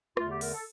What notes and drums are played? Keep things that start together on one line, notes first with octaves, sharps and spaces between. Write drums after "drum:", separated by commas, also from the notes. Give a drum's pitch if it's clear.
E2 D3 A3 F4, drum: rim click
G4
A#4, drum: open hi-hat
A4